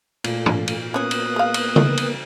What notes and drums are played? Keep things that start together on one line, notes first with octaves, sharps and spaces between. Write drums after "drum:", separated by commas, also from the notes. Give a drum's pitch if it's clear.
A#2 A3, drum: cymbal
drum: tom
drum: cymbal
A#3 B3 C#4 C#5 D#6 F#6
drum: cymbal
G#3 F5
drum: cymbal
drum: tom C#3
drum: cymbal